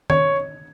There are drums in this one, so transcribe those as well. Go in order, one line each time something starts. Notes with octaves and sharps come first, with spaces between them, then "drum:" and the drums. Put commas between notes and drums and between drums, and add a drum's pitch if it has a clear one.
C#5, drum: tom D#3